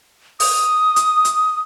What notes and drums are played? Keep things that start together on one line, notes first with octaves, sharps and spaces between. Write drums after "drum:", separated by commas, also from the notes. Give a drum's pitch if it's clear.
D#6, drum: open hi-hat
drum: hi-hat
drum: hi-hat